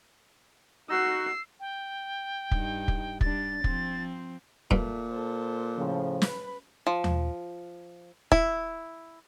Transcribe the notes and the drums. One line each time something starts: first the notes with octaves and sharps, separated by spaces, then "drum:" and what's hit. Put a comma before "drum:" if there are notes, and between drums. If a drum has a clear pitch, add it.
D#4 F#4 E6 C7
G5
G2 D#4, drum: kick
drum: kick
G3 D4 A6, drum: kick
F3 C4, drum: kick
G2 A#2 A3, drum: kick
A4 C5
A2 C#3 F3
B4 B5, drum: snare
F3
drum: tom D#2
E4, drum: kick